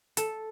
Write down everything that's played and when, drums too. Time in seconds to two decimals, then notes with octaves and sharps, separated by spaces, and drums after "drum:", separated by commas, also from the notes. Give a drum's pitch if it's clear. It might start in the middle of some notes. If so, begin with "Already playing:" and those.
0.17 A4, drum: hi-hat